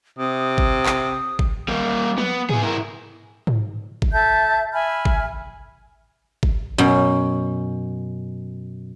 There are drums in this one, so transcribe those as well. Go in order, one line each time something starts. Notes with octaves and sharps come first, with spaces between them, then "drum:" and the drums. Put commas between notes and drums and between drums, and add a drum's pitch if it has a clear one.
C3 D#6
drum: kick G#1
drum: clap
drum: kick G#1
G3 A#3, drum: tom D3
B3, drum: tom F3
B3 G#4, drum: tom G#2
E4 A#4
drum: tom G#2
drum: kick G#1
A4 E5 A5 G6
E5 G#5 B5 F6
drum: kick G#1
drum: kick G#1
F#2 B2